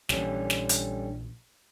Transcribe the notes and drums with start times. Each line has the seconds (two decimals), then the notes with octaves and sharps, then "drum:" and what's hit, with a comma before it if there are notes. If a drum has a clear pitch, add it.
0.09 A#1 D3 E3 G3 C#4, drum: snare
0.50 drum: snare
0.69 drum: hi-hat